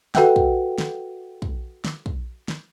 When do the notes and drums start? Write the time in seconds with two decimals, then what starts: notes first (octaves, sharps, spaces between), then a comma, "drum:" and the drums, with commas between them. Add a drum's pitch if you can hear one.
0.15 F#4 A4 B4 E5 F#5 G5, drum: snare
0.36 drum: kick
0.78 drum: snare
1.42 drum: kick
1.85 drum: snare
2.06 drum: kick
2.48 drum: snare